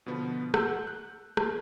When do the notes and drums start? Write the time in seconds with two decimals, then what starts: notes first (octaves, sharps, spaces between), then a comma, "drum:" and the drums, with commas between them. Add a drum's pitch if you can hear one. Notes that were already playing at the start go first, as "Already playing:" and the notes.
0.06 B2 D3 F3 B3
0.54 F#5 E6 G6, drum: rim click
0.87 F#6
1.37 drum: rim click